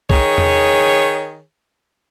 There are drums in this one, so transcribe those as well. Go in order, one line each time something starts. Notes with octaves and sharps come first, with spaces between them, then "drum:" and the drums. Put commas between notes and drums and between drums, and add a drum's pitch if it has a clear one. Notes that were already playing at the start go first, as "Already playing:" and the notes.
D#3 G#4 C#5, drum: kick C2
drum: tom E2